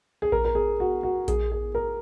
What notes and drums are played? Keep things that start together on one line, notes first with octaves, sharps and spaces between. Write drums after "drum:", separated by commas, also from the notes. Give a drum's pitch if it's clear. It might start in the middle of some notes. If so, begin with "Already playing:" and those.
G#4
A#4, drum: kick A#1
A#4
G#4
F#4
F#4
G#4, drum: kick A#1, hi-hat
G#4
A#4